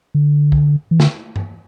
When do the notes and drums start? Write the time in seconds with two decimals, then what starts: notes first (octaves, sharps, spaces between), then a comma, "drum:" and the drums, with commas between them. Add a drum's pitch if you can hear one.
0.15 D3
0.52 drum: kick
0.91 E3
1.00 D3, drum: snare
1.36 drum: tom G2